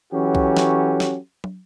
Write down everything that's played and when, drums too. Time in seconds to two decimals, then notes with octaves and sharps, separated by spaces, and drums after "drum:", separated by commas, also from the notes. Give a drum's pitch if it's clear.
0.13 E3 F#3 C#4 F#4 G4 A4
0.35 drum: kick B1
0.57 drum: snare
1.00 drum: snare
1.44 drum: tom